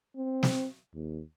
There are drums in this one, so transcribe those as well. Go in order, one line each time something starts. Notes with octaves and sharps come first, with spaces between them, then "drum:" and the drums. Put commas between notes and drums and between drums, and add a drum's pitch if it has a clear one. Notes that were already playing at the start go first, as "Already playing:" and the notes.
C4
drum: snare
D#2